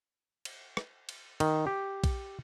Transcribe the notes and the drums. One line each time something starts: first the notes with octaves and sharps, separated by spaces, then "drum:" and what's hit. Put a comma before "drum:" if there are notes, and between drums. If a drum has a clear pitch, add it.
drum: cymbal
drum: rim click
drum: cymbal
D#3, drum: cymbal
G4
drum: kick A#1, cymbal